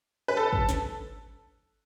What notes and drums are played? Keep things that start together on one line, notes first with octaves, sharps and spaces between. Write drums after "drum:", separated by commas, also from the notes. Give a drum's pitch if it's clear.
B4
A4
drum: kick
drum: snare